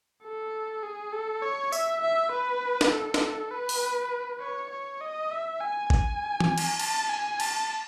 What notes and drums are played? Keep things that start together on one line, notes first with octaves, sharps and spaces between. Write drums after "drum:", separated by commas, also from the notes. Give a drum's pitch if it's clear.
A4
G#4
A4
C#5
E5, drum: tambourine
E5
B4
drum: snare
A4
drum: snare
B4
drum: open hi-hat
C#5
C#5
D#5
E5
G#5
G#5, drum: kick G1
drum: tom E3
drum: cymbal
A5, drum: cymbal
G#5
A5, drum: cymbal